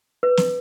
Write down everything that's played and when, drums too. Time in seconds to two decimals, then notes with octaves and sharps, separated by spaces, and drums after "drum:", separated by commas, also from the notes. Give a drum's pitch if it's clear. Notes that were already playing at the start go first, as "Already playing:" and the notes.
0.23 B4
0.37 drum: snare